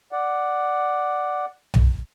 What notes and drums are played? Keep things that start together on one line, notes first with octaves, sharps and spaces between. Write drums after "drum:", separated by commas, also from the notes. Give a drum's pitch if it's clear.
D5 F#5
drum: tom B1